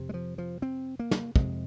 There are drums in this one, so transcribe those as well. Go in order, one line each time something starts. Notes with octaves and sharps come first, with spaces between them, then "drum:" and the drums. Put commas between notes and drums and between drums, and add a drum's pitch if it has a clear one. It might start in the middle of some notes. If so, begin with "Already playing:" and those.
Already playing: F2 C3
G#3
F3
F3
C4
A#3
drum: snare
F2 C3 G#3, drum: kick